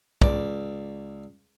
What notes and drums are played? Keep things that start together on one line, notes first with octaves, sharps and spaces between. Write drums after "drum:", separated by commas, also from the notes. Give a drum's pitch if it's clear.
C#2 D5, drum: kick